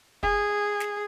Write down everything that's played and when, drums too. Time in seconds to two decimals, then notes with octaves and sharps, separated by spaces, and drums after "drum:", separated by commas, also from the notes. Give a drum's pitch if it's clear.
0.23 G#4, drum: kick
0.80 drum: snare